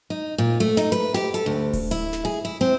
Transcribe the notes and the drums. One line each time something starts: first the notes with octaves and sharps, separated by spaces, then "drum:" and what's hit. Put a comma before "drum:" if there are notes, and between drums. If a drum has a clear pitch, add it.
D#4
A#2
A3
D#4, drum: snare
B4, drum: hi-hat
G4, drum: snare
A4, drum: hi-hat
D2
drum: kick D1, open hi-hat
E4, drum: hi-hat
drum: snare
G#4
E4
C4